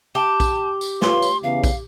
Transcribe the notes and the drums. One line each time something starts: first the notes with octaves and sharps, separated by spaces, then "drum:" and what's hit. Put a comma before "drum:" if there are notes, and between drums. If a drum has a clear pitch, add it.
G4 A5
drum: kick A#1, tambourine
drum: tambourine
F4 B4 C#5 C6, drum: snare
drum: tambourine
E2 C#3 F5
drum: kick A#1, tambourine